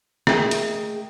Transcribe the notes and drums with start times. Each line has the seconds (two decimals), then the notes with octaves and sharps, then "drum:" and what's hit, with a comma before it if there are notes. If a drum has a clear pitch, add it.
0.27 A3 A#3 G#4 D#5 F5 G5, drum: rim click
0.51 drum: hi-hat